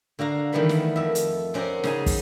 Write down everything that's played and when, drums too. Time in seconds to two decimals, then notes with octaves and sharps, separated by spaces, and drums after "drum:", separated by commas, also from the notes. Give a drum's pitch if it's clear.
0.19 D3 F#4 F5 A#5
0.53 D#3 E3 G3 A3 B3
0.69 drum: snare
0.96 F2 E5
1.15 drum: hi-hat
1.54 C4 C#4 F#4 A#4 C5 D5
1.83 C#3 D#4 G#5, drum: snare
2.06 drum: kick, open hi-hat